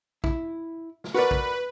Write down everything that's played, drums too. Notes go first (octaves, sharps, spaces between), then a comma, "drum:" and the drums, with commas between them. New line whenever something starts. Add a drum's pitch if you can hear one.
E4, drum: kick
drum: snare
F#4 A#4 B4 D5
drum: kick